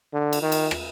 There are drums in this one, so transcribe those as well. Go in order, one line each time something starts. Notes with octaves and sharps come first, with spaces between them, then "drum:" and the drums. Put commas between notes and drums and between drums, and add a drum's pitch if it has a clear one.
D3
drum: cymbal
D#3
drum: cymbal
drum: rim click